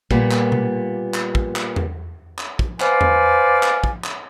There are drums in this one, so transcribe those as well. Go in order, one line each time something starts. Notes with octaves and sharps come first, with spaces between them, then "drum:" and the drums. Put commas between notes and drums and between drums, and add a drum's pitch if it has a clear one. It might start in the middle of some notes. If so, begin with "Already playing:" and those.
A#2 G3 A#3 B3, drum: kick
drum: clap
drum: tom B2
drum: clap
drum: kick
drum: clap
drum: tom E2
drum: clap
drum: kick
B4 C5 D5 F5 G#5, drum: clap
drum: tom E2
drum: clap
drum: kick
drum: clap